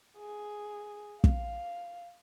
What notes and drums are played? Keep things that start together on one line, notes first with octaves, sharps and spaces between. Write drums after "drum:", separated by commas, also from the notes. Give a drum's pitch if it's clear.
G#4
F5, drum: kick